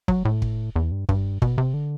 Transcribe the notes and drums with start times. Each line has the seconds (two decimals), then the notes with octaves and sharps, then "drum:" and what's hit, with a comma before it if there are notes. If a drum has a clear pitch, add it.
0.08 F#3, drum: kick
0.25 A2
0.42 drum: kick
0.76 E2
0.92 G2
1.09 G2, drum: kick
1.42 B2, drum: kick
1.58 C3
1.74 D3